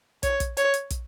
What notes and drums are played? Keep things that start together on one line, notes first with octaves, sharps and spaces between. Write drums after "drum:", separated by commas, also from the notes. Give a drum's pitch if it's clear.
C#5, drum: kick, hi-hat
drum: kick, hi-hat
C#5, drum: hi-hat
drum: hi-hat
drum: kick, hi-hat